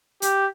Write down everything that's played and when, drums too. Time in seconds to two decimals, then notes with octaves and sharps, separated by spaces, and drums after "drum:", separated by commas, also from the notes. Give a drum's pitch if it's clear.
0.22 G4, drum: hi-hat